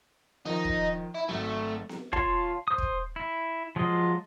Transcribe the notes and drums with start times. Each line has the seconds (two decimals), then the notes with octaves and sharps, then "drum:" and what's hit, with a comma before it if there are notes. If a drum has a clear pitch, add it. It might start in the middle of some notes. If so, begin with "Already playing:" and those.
0.45 D#3 F3 D#4
0.65 drum: kick
1.15 E4
1.29 G#1 F#3 A3
1.89 drum: snare B3
2.13 F4 C#5 F5 A5 C6, drum: kick
2.68 C5 D#6
2.78 drum: kick
3.16 E4
3.76 F3 F#3 G#3 F4 D#5